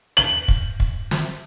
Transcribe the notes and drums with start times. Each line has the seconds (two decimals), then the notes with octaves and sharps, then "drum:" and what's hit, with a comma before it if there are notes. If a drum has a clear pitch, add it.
0.17 F#7
0.48 drum: kick
0.80 drum: kick
1.11 drum: snare